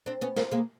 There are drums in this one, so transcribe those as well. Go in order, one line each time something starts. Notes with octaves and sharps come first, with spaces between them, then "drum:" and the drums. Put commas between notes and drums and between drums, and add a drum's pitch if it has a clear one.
C4 D4
B3 C#4
A#3 C4, drum: snare
G#3 A#3